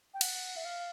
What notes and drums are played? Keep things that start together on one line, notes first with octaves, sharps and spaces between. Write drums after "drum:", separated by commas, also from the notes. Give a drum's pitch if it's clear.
G5
F#5, drum: cymbal
E5
F5